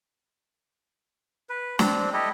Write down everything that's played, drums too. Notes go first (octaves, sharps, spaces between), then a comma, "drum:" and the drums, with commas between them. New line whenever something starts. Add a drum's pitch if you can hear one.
B4
C4 D4, drum: snare
E4 G4 A4 D#5